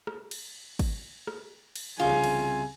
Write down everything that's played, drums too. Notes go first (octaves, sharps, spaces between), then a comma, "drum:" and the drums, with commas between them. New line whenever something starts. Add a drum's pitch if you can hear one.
drum: rim click
drum: cymbal
drum: kick, cymbal
drum: rim click
drum: cymbal
C2 C#3 F4 G#5
drum: cymbal